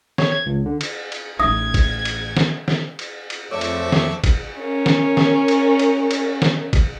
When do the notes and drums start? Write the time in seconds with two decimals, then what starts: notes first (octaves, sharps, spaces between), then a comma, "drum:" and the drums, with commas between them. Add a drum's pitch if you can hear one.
0.18 C#5, drum: snare
0.32 G#6
0.46 C#2
0.66 D3
0.81 drum: cymbal
1.12 drum: cymbal
1.39 A1 D#4 E5 D#6 G#6
1.74 drum: kick, cymbal
2.05 drum: cymbal
2.37 drum: snare
2.68 drum: snare
2.99 drum: cymbal
3.30 drum: cymbal
3.51 F2 F3 A3 C#5 D5 C#6 D6 E6
3.61 drum: cymbal
3.92 drum: snare
4.24 drum: kick, cymbal
4.60 C#4 A#4
4.86 drum: snare
5.17 drum: snare
5.48 drum: cymbal
5.79 drum: cymbal
6.11 drum: cymbal
6.42 drum: snare
6.73 drum: kick, cymbal